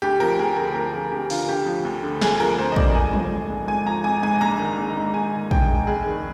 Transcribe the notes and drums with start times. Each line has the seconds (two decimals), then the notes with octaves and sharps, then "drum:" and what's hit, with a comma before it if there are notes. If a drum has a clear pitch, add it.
0.02 D2 G4
0.20 F3 A#4
0.39 D2 G#4
0.57 D3 A#4
0.75 D2 A#4
0.93 F3 G#4
1.12 D2 G4
1.30 D3 F4, drum: open hi-hat
1.48 D2 G4
1.66 F3
1.85 D2
2.03 D3
2.21 D2 G#4, drum: snare
2.40 F3 A#4
2.58 D2 C5
2.72 D#5
2.76 D3 D5, drum: kick
2.95 G#1 G#5
3.13 F3, drum: tom F3
3.32 G#1
3.50 G#2
3.68 G#1 G#5
3.86 F3 A#5
4.04 G#1 G#5
4.23 G#2 G#5
4.41 A#1 A#5
4.59 D#3
4.78 A#1
4.97 G#2
5.14 A#1 G#5
5.33 D#3
5.51 A#1 G5, drum: kick
5.69 G#2
5.87 F1 G#4
6.06 D#3